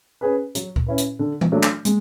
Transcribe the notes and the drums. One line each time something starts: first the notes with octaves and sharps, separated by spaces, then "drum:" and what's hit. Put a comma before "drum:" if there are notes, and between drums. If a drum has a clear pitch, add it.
C#4 G#4 B4
F#3, drum: hi-hat
drum: kick
C#4 E4 B4
drum: hi-hat
D3
drum: tom E3
F#3 A3 D4
drum: clap
G#3, drum: hi-hat